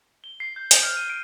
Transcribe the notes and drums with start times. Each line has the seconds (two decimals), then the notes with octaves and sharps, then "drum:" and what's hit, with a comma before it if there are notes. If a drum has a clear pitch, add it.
0.24 G7
0.40 C7
0.56 G6
0.71 C7, drum: hi-hat
0.83 F6
0.97 D#7
1.10 D7